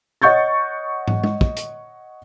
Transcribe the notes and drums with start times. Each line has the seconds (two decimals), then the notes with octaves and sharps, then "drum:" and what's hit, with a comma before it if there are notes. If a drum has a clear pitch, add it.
0.22 C#5 D#5 F#5 C#6 G6 A6
1.08 drum: tom
1.24 drum: tom G#3
1.41 drum: kick
1.57 drum: hi-hat